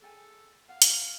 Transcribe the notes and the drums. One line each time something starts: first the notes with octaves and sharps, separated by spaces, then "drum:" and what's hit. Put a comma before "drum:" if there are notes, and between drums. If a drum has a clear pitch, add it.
G#4 A4 G5 G#5
F5 F#5
drum: hi-hat